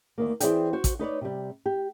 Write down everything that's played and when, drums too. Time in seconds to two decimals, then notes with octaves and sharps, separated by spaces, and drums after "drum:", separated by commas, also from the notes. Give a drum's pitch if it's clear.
0.18 D2 D#3 A#3
0.40 E3 C4 G#4 D5 E5 G5, drum: hi-hat
0.73 F#4 C5
0.84 drum: kick A1, hi-hat
0.99 D#4 B4 C#5 D5
1.21 C3 G3
1.66 G4